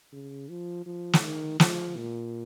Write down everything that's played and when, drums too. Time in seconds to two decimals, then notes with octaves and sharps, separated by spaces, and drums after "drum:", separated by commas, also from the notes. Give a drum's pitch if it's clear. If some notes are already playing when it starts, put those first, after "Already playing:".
0.13 C#3
0.49 F3
0.86 F3
1.13 drum: snare
1.23 D#3
1.60 F3, drum: snare
1.97 A#2